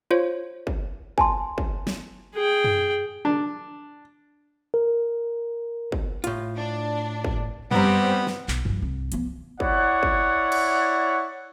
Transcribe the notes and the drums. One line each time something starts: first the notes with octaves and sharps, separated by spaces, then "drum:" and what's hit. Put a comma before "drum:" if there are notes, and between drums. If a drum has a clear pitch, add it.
F4 C5 C#5
drum: kick
G#5 A5 C6, drum: kick
drum: kick
drum: snare
G#4 G5
drum: tom F#2
D4
A#4
drum: kick
A2 F4, drum: hi-hat
D4
drum: kick
G2 G3 B3 C4 G4 A#5, drum: tom F#2
drum: snare
B1, drum: clap
G2 F3
C2
F3 B3, drum: hi-hat
E4 C#5 D5 F#5, drum: kick
drum: kick
drum: cymbal